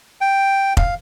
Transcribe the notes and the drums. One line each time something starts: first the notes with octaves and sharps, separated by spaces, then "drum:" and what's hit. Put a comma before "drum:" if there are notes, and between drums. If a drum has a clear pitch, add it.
G5
F5, drum: kick F1